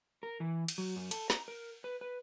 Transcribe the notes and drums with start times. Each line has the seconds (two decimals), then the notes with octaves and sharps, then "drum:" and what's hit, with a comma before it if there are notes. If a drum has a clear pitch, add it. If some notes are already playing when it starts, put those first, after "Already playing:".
0.23 A#4
0.40 E3
0.68 drum: cymbal
0.78 F#3
0.96 F#2
1.11 A4, drum: cymbal
1.30 A#5, drum: snare
1.48 A#4
1.84 B4
2.01 B4